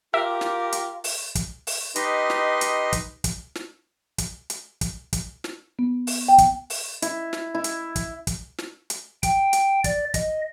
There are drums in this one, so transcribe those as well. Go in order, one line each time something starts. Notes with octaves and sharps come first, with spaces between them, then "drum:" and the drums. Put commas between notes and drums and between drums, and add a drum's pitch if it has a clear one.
F4 G4 A#4 E5
drum: snare
drum: hi-hat
drum: open hi-hat
drum: kick, hi-hat
drum: open hi-hat
D#4 G4 B4 D#5 C6, drum: hi-hat
drum: snare
drum: hi-hat
drum: kick, hi-hat
drum: kick, hi-hat
drum: snare
drum: kick, hi-hat
drum: hi-hat
drum: kick, hi-hat
drum: kick, hi-hat
drum: snare
B3
drum: open hi-hat
G5
drum: kick, hi-hat
drum: open hi-hat
E4, drum: hi-hat
drum: snare
E4
drum: hi-hat
drum: kick, hi-hat
drum: kick, hi-hat
drum: snare
drum: hi-hat
G5, drum: kick, hi-hat
drum: hi-hat
D5, drum: kick, hi-hat
D#5, drum: kick, hi-hat